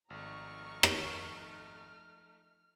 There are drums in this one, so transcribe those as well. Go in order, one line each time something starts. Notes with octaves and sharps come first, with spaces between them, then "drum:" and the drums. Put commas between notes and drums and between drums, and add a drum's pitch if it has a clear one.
G#1 F3 A3 D#4 A#5 C#6 F6
drum: rim click